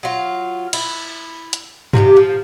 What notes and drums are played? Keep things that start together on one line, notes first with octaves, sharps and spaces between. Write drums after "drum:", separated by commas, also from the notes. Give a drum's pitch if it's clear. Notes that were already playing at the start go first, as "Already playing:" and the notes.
F#3 F4
E4, drum: cymbal
drum: hi-hat
C3 F3 F#4 G4, drum: tom G2
F3